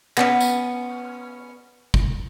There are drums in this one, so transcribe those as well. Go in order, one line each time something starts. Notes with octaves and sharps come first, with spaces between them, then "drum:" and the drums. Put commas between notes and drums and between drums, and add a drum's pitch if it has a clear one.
B3 C#4, drum: clap
drum: tambourine
drum: kick G1